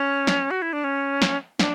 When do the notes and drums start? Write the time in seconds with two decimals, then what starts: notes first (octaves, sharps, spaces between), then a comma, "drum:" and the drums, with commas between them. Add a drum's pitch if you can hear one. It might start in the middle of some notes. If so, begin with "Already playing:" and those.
Already playing: C#4
0.27 drum: snare
0.51 F#4
0.62 E4
0.73 D4
0.84 C#4
1.22 drum: snare
1.59 D4, drum: snare